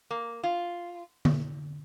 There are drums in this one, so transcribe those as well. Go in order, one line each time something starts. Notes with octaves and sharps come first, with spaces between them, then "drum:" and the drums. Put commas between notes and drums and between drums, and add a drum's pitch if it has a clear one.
A#3
F4
drum: tom D3